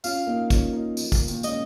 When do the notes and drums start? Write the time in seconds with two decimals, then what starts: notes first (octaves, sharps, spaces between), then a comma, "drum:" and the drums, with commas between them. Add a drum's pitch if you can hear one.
0.04 C#4 F4 F5, drum: tambourine
0.27 A#3 D#4
0.50 C#4 F4, drum: kick, tambourine
0.73 A#3 D#4
0.97 F3 A#3, drum: tambourine
1.12 A#2, drum: kick, tambourine
1.28 A#2 D#3, drum: tambourine
1.43 G#3 C#4 D#5, drum: tambourine